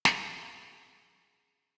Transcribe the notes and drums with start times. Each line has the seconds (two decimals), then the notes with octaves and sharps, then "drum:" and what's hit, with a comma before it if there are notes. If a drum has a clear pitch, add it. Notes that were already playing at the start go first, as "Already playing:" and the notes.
0.05 C#4 G#4 F5 C#6 D6, drum: snare